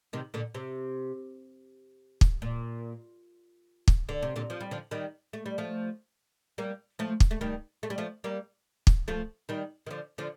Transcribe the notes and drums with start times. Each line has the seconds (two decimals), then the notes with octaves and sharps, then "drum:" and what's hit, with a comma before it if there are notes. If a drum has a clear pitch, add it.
0.13 C3 D#3
0.34 A#2 D3
0.55 C3
2.21 drum: kick
2.42 A#2
3.88 drum: kick
4.09 D3
4.22 C3
4.36 A#2 D3
4.50 F3
4.61 G3
4.71 D3 F3
4.91 D#3 G3
5.33 A3
5.46 G3
5.58 F3 A3
6.58 G3 A#3
6.99 F3 A3
7.20 drum: kick
7.31 A3
7.41 D#3 G3
7.83 A3
7.90 G3
7.98 F3 A3
8.24 G3 A#3
8.87 drum: kick
9.08 F3 A3
9.49 D#3 G3
9.86 D#3
9.90 D3 F3
10.18 D3 F3